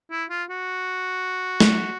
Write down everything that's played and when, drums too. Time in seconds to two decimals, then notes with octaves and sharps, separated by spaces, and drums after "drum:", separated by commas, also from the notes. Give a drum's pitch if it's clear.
0.11 E4
0.30 F4
0.50 F#4
1.60 drum: snare